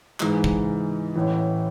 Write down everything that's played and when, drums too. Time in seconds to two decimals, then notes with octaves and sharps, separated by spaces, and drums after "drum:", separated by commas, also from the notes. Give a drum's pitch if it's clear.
0.20 G#2 E3 G#3, drum: clap
0.44 drum: kick G#1
1.16 A1 A2 E3